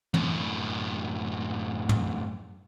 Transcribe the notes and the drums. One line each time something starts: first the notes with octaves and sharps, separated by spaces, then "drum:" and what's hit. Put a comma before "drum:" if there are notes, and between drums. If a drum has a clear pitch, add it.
F#2 A2, drum: tom
drum: tom